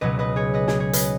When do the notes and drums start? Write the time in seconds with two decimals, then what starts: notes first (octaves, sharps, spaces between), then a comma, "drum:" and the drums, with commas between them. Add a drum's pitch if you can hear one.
0.01 C#2 B2 F#3 B4 D#5
0.19 B4 D#5
0.36 G#4 C#5
0.54 B4 D#5
0.68 G#4, drum: snare
0.80 G#4 C#5
0.93 B4 D#5, drum: hi-hat